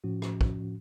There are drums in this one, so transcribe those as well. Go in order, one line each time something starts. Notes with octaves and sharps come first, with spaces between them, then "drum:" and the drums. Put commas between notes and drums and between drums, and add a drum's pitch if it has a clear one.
A2 F3 C#4 F#4
drum: rim click
drum: kick